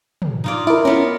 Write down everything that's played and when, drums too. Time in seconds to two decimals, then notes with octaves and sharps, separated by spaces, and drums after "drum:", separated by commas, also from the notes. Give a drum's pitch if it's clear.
0.22 drum: tom
0.44 D#4 F4 D5
0.67 E4 A#4 D5
0.85 B3 C#4 A#4